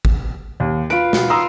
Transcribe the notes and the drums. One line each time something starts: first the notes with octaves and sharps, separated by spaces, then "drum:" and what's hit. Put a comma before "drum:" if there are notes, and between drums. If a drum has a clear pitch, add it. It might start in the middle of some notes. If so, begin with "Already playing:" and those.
drum: kick
D#2
F4 B4 D7
B2, drum: snare
A#5 C6 D#6 E6